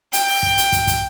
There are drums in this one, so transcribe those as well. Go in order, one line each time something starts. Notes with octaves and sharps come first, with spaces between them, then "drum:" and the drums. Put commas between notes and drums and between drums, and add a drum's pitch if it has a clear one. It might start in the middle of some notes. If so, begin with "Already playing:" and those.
G5, drum: hi-hat
drum: open hi-hat
drum: kick
drum: hi-hat
drum: kick, hi-hat
drum: kick, hi-hat